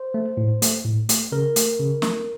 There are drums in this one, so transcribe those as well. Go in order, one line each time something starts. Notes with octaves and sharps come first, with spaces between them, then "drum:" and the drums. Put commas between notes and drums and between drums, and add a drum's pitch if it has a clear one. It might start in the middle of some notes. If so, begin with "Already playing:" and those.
Already playing: C5
A3
A2
A3, drum: hi-hat
A2
A3, drum: hi-hat
C#3 A#4
A3, drum: hi-hat
C#3
A3, drum: snare